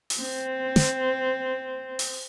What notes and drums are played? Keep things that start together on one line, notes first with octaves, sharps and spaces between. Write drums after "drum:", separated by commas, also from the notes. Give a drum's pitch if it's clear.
drum: open hi-hat
C4
drum: snare
drum: open hi-hat